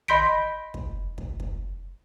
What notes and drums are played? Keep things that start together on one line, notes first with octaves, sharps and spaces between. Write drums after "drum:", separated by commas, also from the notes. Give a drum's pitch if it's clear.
D#5 B5 C6 G6 B6 D7, drum: tom
drum: kick
drum: kick
drum: kick